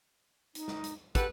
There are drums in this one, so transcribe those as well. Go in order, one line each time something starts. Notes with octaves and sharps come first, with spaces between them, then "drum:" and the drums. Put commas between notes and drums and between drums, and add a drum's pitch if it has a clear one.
D#4, drum: hi-hat
drum: snare
drum: hi-hat
G4 A4 B4 F#5, drum: kick, hi-hat